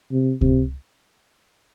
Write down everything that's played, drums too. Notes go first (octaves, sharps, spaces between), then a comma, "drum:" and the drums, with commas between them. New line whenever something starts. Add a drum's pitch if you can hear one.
C3
C3, drum: kick C#2